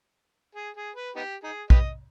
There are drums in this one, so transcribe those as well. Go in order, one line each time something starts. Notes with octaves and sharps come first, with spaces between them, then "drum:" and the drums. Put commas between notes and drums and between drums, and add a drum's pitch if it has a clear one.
G#4
G#4
B4
B3 D#4 G4
D#4 G#4
G4 B4 D#5, drum: kick A#1